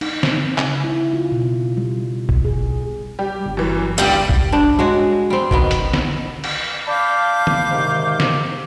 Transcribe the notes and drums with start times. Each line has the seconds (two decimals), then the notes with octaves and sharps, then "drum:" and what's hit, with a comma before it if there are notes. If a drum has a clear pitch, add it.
0.01 D#4, drum: cymbal
0.23 C4, drum: snare
0.58 C#3, drum: clap
0.84 E4
1.13 F4
1.32 B2
1.77 G3
2.29 B2, drum: kick A#1
2.45 G#4
3.19 G3 G4
3.46 G1
3.57 F#2 E3
3.98 C#2 G2 D3 G3 F5 G5
4.29 drum: kick A#1
4.52 G2 D4
4.79 G#3 F#4 C#5
5.30 G3 C4
5.51 B2 D#3 B3, drum: kick A#1
5.71 drum: hi-hat
5.94 drum: snare
6.44 drum: cymbal
6.87 D5 F5 A5 B5 D6 G6
7.47 drum: tom D3
7.71 G#2 C3 D#3
8.20 drum: snare